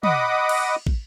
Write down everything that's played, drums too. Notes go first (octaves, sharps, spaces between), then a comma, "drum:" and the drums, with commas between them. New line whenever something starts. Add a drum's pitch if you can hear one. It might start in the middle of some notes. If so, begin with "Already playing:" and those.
D#5 F#5 B5 D6 D#6, drum: tom
drum: cymbal
drum: kick